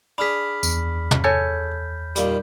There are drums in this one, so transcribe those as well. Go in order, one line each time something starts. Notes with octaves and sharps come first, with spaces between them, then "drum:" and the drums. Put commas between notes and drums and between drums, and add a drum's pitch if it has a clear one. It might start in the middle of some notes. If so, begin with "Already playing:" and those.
D4 G#4 B5 F6 B6
E2, drum: tambourine
drum: tom
A4 C#5 G#5 G6
D#2 A#2 G3, drum: hi-hat